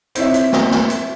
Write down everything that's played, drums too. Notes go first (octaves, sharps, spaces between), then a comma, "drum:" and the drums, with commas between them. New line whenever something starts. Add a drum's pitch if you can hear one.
C4 E4 C#5 E5, drum: hi-hat
drum: hi-hat
drum: snare
drum: snare
drum: hi-hat